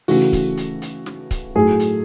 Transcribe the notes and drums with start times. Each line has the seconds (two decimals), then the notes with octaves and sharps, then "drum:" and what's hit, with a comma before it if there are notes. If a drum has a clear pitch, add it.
0.08 C#3 E3 A3 F#4, drum: open hi-hat
0.33 drum: kick C#1, hi-hat
0.57 drum: hi-hat
0.82 drum: hi-hat
1.06 drum: snare
1.31 drum: kick C#1, hi-hat
1.55 A2 F#3 A3 G#4
1.80 drum: hi-hat